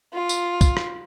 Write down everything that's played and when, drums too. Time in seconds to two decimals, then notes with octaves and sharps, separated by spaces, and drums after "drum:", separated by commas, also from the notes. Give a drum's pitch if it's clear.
0.14 F4
0.29 drum: tambourine
0.61 drum: kick, tambourine
0.77 drum: rim click